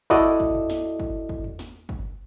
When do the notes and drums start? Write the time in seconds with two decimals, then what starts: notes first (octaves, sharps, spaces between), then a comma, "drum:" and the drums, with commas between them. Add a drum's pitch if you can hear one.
0.10 E4 F#4 A4 D5 D#5, drum: kick
0.40 drum: kick
0.55 drum: tom E2
0.70 drum: snare
0.99 drum: kick
1.29 drum: kick
1.44 drum: tom E2
1.59 drum: snare
1.89 drum: kick